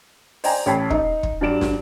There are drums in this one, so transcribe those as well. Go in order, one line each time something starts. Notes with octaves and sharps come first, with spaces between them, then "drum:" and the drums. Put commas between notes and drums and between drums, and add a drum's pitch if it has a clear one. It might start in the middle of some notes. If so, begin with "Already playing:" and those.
C5 D5 D#5 G5 G#5 A#5, drum: open hi-hat
A1 C#5 G5 A5 B5 C7
D#4, drum: kick
drum: kick
G2 F#3 D5 D7 E7
drum: snare